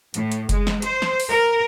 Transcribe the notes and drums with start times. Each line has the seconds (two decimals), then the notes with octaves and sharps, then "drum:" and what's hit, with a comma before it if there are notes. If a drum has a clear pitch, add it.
0.14 A2, drum: hi-hat
0.32 drum: hi-hat
0.49 G#3, drum: kick F#1, hi-hat
0.67 drum: snare
0.82 C5, drum: hi-hat
1.02 drum: snare
1.20 drum: open hi-hat
1.31 A#4